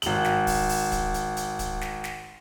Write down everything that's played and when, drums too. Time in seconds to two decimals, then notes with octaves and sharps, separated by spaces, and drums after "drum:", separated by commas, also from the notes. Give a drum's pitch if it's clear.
0.02 G#1 F#7, drum: hi-hat
0.24 drum: snare
0.47 drum: kick, open hi-hat
0.69 drum: open hi-hat
0.92 drum: kick, hi-hat
1.14 drum: hi-hat
1.37 drum: hi-hat
1.59 drum: kick, hi-hat
1.81 drum: snare
2.04 drum: snare